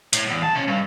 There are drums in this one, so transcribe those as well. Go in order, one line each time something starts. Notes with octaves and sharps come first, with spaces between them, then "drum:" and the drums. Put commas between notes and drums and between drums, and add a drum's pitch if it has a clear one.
A2, drum: hi-hat
E2
C2 A5
C3 C#4
G2